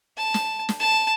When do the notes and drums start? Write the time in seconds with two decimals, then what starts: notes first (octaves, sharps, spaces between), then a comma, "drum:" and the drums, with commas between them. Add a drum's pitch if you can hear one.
0.17 A5
0.34 drum: snare
0.69 drum: snare
0.79 A5